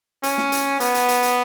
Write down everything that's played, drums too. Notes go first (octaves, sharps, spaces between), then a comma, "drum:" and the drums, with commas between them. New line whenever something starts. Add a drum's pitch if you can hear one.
C#4, drum: hi-hat
drum: snare
drum: hi-hat
B3, drum: hi-hat
drum: hi-hat
drum: hi-hat
drum: hi-hat